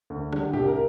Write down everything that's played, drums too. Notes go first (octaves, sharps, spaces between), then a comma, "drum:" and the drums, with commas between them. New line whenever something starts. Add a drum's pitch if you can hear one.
D2
D3 G3, drum: rim click
C2 G4, drum: tom G#2
A#4